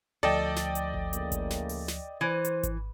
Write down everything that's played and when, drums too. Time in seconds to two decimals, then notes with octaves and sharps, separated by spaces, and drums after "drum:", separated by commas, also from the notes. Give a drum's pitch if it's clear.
0.23 D2 F3 A4 D5 D#5 G5
0.56 drum: snare
0.75 drum: hi-hat
0.94 drum: kick G#1
1.13 A2 C#3 A#3, drum: hi-hat
1.32 drum: kick G#1, hi-hat
1.50 drum: snare
1.69 drum: open hi-hat
1.88 drum: snare
2.21 E3 C5
2.45 drum: hi-hat
2.63 drum: kick G#1, hi-hat